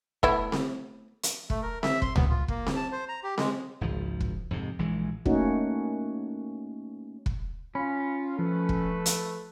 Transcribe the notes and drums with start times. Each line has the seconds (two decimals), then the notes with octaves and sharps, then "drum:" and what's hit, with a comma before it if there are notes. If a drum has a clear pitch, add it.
0.23 A3 B3 E4, drum: kick
0.52 drum: snare C4
1.23 drum: hi-hat
1.50 A3, drum: kick
1.62 A#4
1.83 E5, drum: snare C4
2.02 C6, drum: kick
2.16 B3, drum: tom C#2
2.30 F4
2.48 A#3, drum: kick
2.66 drum: snare C4
2.76 A5
2.92 C5
3.09 A#5
3.23 G4
3.38 G#3, drum: snare C4
3.81 G#1 C#2 F3
4.21 drum: kick
4.51 F2 G#2 C3
4.79 A#1 E3 G#3
5.26 A3 A#3 C#4 D#4 F#4, drum: kick
7.26 drum: kick
7.75 C#4 F4 B5
8.39 F3 A3 A4 B4
8.69 drum: kick
9.06 drum: hi-hat